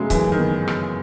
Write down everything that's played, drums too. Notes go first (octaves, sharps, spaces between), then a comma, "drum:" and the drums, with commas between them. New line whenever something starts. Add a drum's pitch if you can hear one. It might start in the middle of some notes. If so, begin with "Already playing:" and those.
Already playing: C#3 F#3 G#3 A3 B3
F#2 E3, drum: kick C#1, hi-hat
D#3
B3
drum: rim click